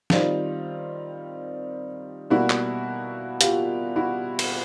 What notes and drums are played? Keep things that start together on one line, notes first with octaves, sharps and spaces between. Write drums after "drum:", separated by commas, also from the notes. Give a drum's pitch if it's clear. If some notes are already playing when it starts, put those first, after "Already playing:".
D#3 G3 C4 D#4 F4, drum: snare
B2 G3 A#3 E4 F#4
drum: clap
F4 G4, drum: hi-hat
E4 F#4
drum: cymbal